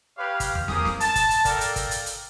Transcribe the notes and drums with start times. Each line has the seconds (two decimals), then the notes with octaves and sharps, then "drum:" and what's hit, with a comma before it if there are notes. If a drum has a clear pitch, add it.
0.17 G4 B4 C#5 F5
0.40 drum: kick, hi-hat
0.55 drum: tom E2
0.68 A#3 G4 G#4 D#6, drum: snare
0.85 drum: snare
1.00 A5, drum: hi-hat
1.16 drum: kick, hi-hat
1.31 drum: hi-hat
1.45 A4 A#4 D5 F5 G5, drum: kick, hi-hat
1.61 drum: hi-hat
1.76 drum: kick, hi-hat
1.91 drum: hi-hat
2.06 drum: hi-hat